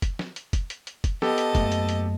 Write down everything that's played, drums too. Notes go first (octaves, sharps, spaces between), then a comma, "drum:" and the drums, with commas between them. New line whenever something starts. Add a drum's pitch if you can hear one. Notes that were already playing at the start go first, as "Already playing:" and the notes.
drum: kick F1, hi-hat
drum: snare
drum: hi-hat
drum: kick F1, hi-hat
drum: hi-hat
drum: hi-hat
drum: kick F1, hi-hat
B3 G4 A4 D#5 A5, drum: snare
drum: hi-hat
F#2 A3 A#3, drum: kick F1, hi-hat
drum: hi-hat
drum: hi-hat